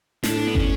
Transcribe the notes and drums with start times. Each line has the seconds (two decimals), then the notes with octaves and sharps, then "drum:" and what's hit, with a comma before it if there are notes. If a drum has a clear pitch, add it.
0.24 A2 D4, drum: snare
0.47 B3
0.55 C#4, drum: kick